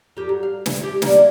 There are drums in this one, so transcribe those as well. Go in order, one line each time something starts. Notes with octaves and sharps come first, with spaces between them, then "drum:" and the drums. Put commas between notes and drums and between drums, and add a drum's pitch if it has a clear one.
F2 G4
F#3
F5
E4, drum: snare
G4
A#3 D4 E4, drum: snare